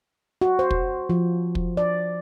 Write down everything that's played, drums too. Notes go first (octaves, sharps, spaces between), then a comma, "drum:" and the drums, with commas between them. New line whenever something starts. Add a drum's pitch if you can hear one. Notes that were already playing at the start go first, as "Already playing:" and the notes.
F#4
C5
drum: kick
F3
drum: kick
D5